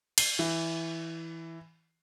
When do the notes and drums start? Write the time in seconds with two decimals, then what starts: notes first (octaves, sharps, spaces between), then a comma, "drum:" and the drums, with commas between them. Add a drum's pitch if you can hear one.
0.18 C7, drum: cymbal
0.39 E3